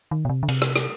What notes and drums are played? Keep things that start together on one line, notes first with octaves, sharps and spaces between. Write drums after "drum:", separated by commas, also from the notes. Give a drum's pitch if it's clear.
D#3
B2
C3
D3
C3, drum: cymbal
drum: rim click
drum: rim click